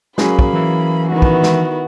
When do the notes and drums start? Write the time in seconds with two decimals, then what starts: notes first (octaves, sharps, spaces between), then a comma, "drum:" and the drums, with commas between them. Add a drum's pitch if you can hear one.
0.18 F#3 A#3 C#4 G#4 B5, drum: snare
0.39 drum: kick
0.53 E3
1.10 D#3 B3 E4 F#4
1.22 drum: kick
1.43 drum: snare